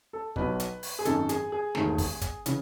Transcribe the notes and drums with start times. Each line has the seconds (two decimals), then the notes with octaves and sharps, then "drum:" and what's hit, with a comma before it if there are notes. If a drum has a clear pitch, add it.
0.13 A4
0.36 B1 B2 F#3 B4, drum: kick
0.60 drum: hi-hat
0.83 drum: open hi-hat
0.99 G#4
1.05 G#1 F#2 D#3 A4, drum: hi-hat
1.29 G#4, drum: hi-hat
1.52 G#4
1.75 E1 D#2 D#3 A3, drum: snare
1.98 drum: kick, open hi-hat
2.21 drum: kick, hi-hat
2.46 C#3 E3, drum: hi-hat